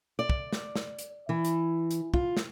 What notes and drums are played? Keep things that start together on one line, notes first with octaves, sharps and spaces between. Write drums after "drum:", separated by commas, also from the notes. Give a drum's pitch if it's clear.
D5
drum: kick
drum: snare
drum: snare
drum: hi-hat
E3
drum: hi-hat
drum: hi-hat
F4, drum: kick
drum: snare